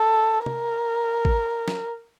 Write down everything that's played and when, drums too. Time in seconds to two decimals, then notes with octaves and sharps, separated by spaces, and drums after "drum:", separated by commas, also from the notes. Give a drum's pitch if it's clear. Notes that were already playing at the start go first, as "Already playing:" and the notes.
Already playing: A4
0.46 A#4, drum: tom
1.25 drum: kick
1.68 drum: snare